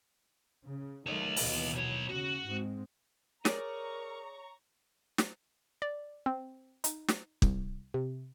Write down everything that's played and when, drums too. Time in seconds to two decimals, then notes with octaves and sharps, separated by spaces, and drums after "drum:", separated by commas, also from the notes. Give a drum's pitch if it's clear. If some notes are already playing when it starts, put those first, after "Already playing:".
0.67 C#3
1.07 D#3 F#3 A3 C#5 D#5
1.36 D#2 B2 E3, drum: open hi-hat
1.73 B1 C#5
2.09 C#3 F#4
2.46 G#2 G#3 C4
3.45 G#4 A#4 C#5 D5 A#5 C#6, drum: snare
5.18 drum: snare
5.82 D5
6.26 C4
6.84 D#4, drum: hi-hat
7.08 drum: snare
7.42 C2, drum: kick
7.94 C3